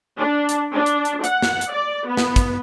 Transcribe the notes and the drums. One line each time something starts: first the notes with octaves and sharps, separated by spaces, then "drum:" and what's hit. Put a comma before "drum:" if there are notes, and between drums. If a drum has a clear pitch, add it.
D4
drum: hi-hat
D4
drum: hi-hat
drum: hi-hat
F#5, drum: hi-hat
drum: snare
drum: hi-hat
D5
B3
drum: snare
drum: kick, hi-hat